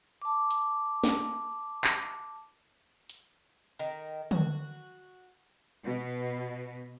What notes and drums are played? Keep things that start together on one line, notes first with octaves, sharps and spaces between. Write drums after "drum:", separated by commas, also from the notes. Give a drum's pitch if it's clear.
A5 D6
drum: hi-hat
drum: snare
drum: clap
drum: hi-hat
D#3
F#4, drum: tom D3
B2